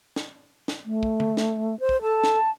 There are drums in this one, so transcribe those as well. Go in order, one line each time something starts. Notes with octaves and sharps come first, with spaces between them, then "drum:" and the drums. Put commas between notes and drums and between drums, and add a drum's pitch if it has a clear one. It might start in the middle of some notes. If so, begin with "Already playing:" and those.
drum: snare
drum: snare
A3
drum: kick
drum: tom D3
drum: snare
C5
drum: kick
A4 A5
drum: snare